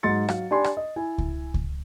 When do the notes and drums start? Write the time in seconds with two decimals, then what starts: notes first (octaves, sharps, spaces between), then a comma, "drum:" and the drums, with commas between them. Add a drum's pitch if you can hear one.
0.03 G#2 F#3 C6 A6 C#7
0.28 F#3 F5, drum: rim click
0.51 D4 G4 D5 G#5 B5 C6
0.64 drum: rim click
0.77 D#5
0.96 E4 G#5
1.18 drum: kick C#2
1.54 drum: kick C#2